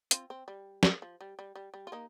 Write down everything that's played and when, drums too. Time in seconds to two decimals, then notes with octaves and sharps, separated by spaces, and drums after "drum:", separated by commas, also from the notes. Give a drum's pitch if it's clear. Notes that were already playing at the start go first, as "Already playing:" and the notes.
0.11 C4 F4, drum: hi-hat
0.30 C4
0.48 G3
0.83 drum: snare
1.02 F3
1.21 G3
1.39 G3
1.56 G3
1.74 G3
1.87 F4
1.92 A#3 D#4